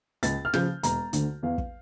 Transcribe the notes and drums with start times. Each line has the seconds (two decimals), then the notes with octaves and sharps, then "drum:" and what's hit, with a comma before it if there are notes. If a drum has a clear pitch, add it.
0.23 C#2 A6, drum: hi-hat
0.45 F6
0.54 C#3 F3 G6, drum: snare
0.83 E1 A#5, drum: hi-hat
1.13 D2 D3, drum: hi-hat
1.43 E2 F5
1.58 drum: kick